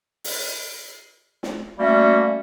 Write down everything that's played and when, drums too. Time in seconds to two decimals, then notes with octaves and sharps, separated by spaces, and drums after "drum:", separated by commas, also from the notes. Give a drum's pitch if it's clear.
0.24 drum: open hi-hat
1.43 drum: snare
1.77 G3 A3 A#3 C#4 F#4